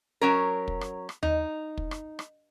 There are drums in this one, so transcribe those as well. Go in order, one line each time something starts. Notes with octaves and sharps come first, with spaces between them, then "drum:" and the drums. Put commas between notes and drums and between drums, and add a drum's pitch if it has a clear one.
F#3 C#4 A#4
drum: kick
drum: rim click
drum: rim click
D#4, drum: tom D#2
drum: kick
drum: rim click
drum: rim click